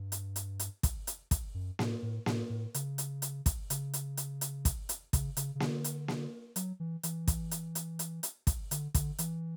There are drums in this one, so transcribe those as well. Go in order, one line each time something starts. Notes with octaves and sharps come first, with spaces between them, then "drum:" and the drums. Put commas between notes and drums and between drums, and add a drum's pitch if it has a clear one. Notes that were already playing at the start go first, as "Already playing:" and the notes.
Already playing: G2
drum: hi-hat
drum: hi-hat
drum: hi-hat
drum: kick, hi-hat
drum: hi-hat
drum: kick, hi-hat
F#2
A2, drum: snare A#3
A2
A2, drum: snare A#3
A2
C#3, drum: hi-hat
drum: hi-hat
drum: hi-hat
drum: kick, hi-hat
C#3, drum: hi-hat
drum: hi-hat
drum: hi-hat
drum: hi-hat
drum: kick, hi-hat
drum: hi-hat
C#3, drum: kick, hi-hat
C#3, drum: hi-hat
C#3
D3, drum: snare A#3
drum: hi-hat
drum: snare A#3
F#3, drum: hi-hat
E3
E3, drum: hi-hat
drum: kick, hi-hat
drum: hi-hat
drum: hi-hat
drum: hi-hat
drum: hi-hat
drum: kick, hi-hat
D3, drum: hi-hat
D3, drum: kick, hi-hat
E3, drum: hi-hat